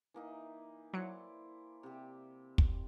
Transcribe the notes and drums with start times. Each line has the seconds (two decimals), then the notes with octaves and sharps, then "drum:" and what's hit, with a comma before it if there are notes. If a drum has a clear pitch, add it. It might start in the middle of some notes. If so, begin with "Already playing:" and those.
0.14 E3 A#3 D#4
0.94 F#3 E4 C5 D5 C#7
1.83 C3 G4
2.58 drum: kick